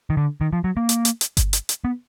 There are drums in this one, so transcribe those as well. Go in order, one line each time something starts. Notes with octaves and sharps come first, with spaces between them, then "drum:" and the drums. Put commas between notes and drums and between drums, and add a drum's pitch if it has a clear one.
D#3
D3
D#3
F3
F#3
A#3
drum: hi-hat
drum: hi-hat
drum: hi-hat
drum: kick G1, hi-hat
drum: hi-hat
drum: hi-hat
B3